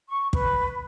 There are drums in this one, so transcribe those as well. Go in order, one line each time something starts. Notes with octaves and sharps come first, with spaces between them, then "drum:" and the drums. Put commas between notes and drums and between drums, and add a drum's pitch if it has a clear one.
C#6
B4, drum: kick